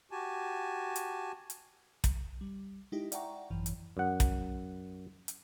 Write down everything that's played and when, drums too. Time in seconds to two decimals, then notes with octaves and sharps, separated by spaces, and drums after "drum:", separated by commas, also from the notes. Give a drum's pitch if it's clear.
0.11 F#4 G4 G#5 A5
0.96 drum: hi-hat
1.50 drum: hi-hat
2.04 drum: kick, hi-hat
2.41 G3
2.92 G#3 D#4 E4 G4
3.12 D5 E5 F#5 G5 A#5 C#6, drum: hi-hat
3.50 G#1 F#2 E3
3.66 drum: hi-hat
3.97 F#2 F#5
4.20 drum: kick, hi-hat
5.28 drum: hi-hat